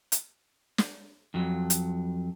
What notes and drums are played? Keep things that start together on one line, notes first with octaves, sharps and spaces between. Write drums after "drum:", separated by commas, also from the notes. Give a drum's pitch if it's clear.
drum: hi-hat
drum: snare
F2 F#3
drum: hi-hat